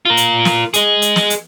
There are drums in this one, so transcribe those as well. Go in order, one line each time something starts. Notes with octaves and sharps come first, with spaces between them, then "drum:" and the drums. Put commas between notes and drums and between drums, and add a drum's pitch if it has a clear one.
F4 A#4
drum: hi-hat
drum: snare
G#4 D#5, drum: hi-hat
drum: hi-hat
drum: snare
drum: hi-hat